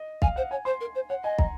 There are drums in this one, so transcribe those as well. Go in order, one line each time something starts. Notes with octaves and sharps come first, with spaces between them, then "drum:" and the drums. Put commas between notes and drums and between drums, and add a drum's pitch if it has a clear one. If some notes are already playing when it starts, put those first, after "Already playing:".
Already playing: D#5
F5 G#5, drum: kick
C5 F#5
C#5 G#5
C5 C6
A#4
C5
C#5 F#5
D#5 G#5
A#5, drum: kick